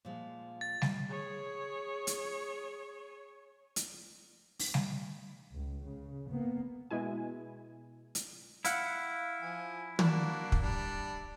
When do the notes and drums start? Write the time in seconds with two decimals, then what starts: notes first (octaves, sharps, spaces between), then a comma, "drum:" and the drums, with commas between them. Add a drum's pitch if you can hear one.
0.05 A#2 F3 G#3
0.61 A6
0.82 drum: snare G3
1.09 G#4 C#5
2.07 drum: hi-hat
3.76 drum: hi-hat
4.59 drum: open hi-hat
4.74 drum: snare G3
5.54 C#2
5.88 C#3
6.29 A#3 B3
6.91 B2 G#3 E4 G#5
8.15 drum: hi-hat
8.65 E4 F5 F#5, drum: hi-hat
9.42 F3 G#5
9.99 A#3 D4 F#4, drum: tom
10.52 drum: kick
10.62 G3 D4